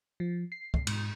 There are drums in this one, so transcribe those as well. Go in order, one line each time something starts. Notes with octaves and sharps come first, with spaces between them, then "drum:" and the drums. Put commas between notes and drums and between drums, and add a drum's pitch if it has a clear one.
F3
C7
drum: kick
G#2, drum: cymbal